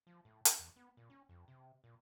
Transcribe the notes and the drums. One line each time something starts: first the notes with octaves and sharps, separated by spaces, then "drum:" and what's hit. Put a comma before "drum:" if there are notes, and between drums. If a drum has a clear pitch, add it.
F3
A2
A4, drum: hi-hat
E2
B3
A#2
C#4
F2
C3
A#2